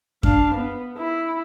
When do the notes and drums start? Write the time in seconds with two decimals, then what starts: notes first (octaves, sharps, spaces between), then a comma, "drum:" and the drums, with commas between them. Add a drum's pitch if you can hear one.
0.23 D4 F5, drum: kick F#2
0.55 B3
0.97 E4